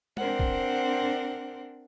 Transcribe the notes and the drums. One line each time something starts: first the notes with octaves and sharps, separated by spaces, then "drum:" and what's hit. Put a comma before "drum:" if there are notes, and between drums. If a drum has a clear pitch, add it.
C4 D4 A#4 C5 F#5, drum: tom G#3
drum: kick